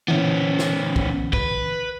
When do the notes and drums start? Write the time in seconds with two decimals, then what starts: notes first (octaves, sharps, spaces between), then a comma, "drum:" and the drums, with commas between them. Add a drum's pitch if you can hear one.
0.08 A#2 D3 E3 B3 C#4
0.59 drum: snare
0.96 drum: kick
1.33 B4, drum: kick